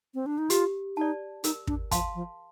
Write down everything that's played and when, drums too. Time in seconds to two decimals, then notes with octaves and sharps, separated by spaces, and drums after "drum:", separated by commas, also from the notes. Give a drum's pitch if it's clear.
0.14 C4
0.26 D4
0.38 D#4
0.50 F4 G4, drum: hi-hat
0.97 D#4 D5 A5
1.44 D#4 A#4, drum: hi-hat
1.67 D4, drum: kick
1.91 F3 F5 A5 C6, drum: kick, hi-hat
2.15 F3